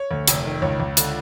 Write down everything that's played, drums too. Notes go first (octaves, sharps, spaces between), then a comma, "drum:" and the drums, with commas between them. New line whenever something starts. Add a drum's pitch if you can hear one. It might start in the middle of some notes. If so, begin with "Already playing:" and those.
Already playing: C#5
D2
F1, drum: hi-hat
D#3
C#2 C#5
C#2
D3, drum: hi-hat